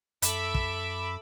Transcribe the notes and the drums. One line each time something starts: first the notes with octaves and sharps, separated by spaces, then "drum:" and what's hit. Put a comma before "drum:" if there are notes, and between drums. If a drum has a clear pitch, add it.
F#2 A4 E5 B5 D6 E6, drum: hi-hat
drum: kick